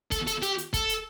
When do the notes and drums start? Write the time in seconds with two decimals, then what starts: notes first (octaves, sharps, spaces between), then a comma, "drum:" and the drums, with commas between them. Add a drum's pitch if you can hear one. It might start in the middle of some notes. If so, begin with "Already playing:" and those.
0.12 A4, drum: kick, hi-hat
0.27 A4, drum: hi-hat
0.43 G4, drum: hi-hat
0.58 drum: hi-hat
0.74 A4, drum: kick, hi-hat
0.89 drum: hi-hat